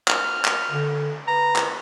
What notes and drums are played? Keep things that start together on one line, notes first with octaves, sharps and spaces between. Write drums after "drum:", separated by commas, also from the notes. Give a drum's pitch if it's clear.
F6, drum: clap
drum: clap
D3
B4 A#5
drum: clap